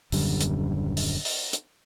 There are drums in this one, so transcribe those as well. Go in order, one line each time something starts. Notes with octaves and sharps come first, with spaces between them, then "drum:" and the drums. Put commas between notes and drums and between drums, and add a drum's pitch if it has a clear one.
D#1 F#2 D3 G3, drum: open hi-hat
drum: hi-hat
drum: open hi-hat
drum: open hi-hat
drum: hi-hat